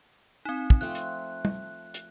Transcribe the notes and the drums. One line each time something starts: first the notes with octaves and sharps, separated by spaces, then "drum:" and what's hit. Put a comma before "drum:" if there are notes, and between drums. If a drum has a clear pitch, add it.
C4 D#4
drum: kick
F3 A3 C4 F#6
drum: hi-hat
drum: tom
drum: hi-hat